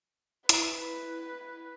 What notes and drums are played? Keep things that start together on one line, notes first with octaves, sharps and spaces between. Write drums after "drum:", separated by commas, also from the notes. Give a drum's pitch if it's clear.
E4 B4, drum: hi-hat